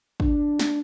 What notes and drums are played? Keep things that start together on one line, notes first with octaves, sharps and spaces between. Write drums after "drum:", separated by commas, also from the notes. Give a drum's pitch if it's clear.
D4, drum: kick
drum: snare